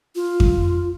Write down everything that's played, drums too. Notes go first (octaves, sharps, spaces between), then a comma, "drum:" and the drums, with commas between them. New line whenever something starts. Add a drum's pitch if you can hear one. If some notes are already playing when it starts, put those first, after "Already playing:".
F4
drum: kick F2